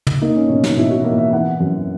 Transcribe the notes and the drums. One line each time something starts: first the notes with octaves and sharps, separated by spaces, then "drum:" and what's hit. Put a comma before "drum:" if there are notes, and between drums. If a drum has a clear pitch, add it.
drum: tom
A#3 D#4
C#4
B2 C#4
D#4, drum: snare
B2 E4
F#4
A#3 E5
E5
E3 F#5
F#2